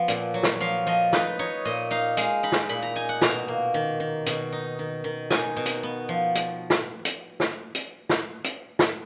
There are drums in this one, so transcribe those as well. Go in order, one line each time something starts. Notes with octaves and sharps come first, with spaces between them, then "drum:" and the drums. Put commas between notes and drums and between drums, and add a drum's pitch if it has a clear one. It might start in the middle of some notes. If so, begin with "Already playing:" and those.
Already playing: F3 B3
A#2, drum: hi-hat
F#3
drum: snare
F3 F5
F3 D#5
D#4 B4, drum: snare
D#4 C#5
A#2 D#5
D#4 F5
G#3 F5, drum: hi-hat
D#4 B5
drum: snare
A#2 B5
A#5
D#4 G#5
F#5
B2 A#5, drum: snare
A#3
D#3
D#3
B2, drum: hi-hat
D#4
D#3
D#3
D#4 G#5, drum: snare
B2
drum: hi-hat
B3
F3
drum: hi-hat
drum: snare
drum: hi-hat
drum: snare
drum: hi-hat
drum: snare
drum: hi-hat
drum: snare